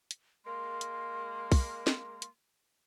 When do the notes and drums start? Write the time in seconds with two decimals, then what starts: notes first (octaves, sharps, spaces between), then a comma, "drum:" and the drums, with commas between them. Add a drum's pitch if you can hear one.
0.11 drum: hi-hat
0.46 G#3 A#3 C6
0.81 drum: hi-hat
1.52 drum: kick, open hi-hat
1.87 drum: snare
2.22 drum: hi-hat